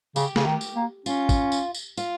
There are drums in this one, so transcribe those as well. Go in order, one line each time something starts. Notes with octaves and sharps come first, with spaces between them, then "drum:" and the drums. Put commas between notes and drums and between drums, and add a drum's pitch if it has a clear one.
C#3 G4, drum: tambourine
C#3, drum: snare
D#3
drum: tambourine
A#3
C#4 F4, drum: tambourine
drum: kick, tambourine
drum: tambourine
drum: tambourine
F4, drum: tambourine